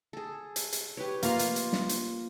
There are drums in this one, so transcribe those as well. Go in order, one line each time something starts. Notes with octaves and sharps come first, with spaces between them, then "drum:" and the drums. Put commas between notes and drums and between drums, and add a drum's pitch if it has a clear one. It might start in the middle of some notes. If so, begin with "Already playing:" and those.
G#4 A4
drum: hi-hat
drum: hi-hat
G4 B4 C#5
A#3 F4 A#5, drum: hi-hat
drum: hi-hat
drum: hi-hat
drum: snare
drum: hi-hat